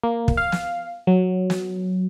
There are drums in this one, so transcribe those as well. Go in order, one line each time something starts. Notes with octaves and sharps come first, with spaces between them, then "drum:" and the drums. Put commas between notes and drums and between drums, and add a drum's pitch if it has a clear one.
A#3
drum: kick
F5
drum: snare
F#3
drum: snare